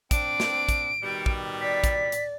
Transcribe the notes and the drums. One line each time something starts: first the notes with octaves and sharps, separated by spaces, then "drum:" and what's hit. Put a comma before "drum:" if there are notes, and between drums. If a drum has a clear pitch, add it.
C4 D4 D7, drum: kick, hi-hat
drum: snare
drum: kick, hi-hat
B2 D#3 G3
drum: kick
D5 B6
drum: kick, hi-hat
drum: hi-hat